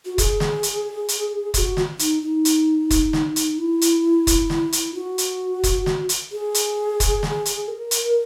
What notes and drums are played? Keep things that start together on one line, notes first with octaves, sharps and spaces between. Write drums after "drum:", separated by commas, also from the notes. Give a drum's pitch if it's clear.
F#4
G#4, drum: kick, hi-hat
drum: snare
drum: hi-hat
drum: hi-hat
G#4, drum: kick, hi-hat
F#4
drum: snare
D#4, drum: hi-hat
D#4
drum: hi-hat
drum: kick, hi-hat
drum: snare
drum: hi-hat
E4
drum: hi-hat
drum: kick, hi-hat
drum: snare
drum: hi-hat
F#4
drum: hi-hat
drum: kick, hi-hat
drum: snare
drum: hi-hat
G#4
drum: hi-hat
drum: kick, hi-hat
drum: snare
drum: hi-hat
A#4
drum: hi-hat